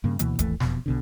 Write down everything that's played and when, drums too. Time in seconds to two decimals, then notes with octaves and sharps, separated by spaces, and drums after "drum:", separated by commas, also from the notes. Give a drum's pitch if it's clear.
0.04 G2 C#3 A#3
0.19 D2 B2 E3 A#3, drum: hi-hat
0.39 G#1 D#2 E3 A3, drum: kick D1, hi-hat
0.60 E1 F2 B2, drum: snare
0.86 B1 B2 D3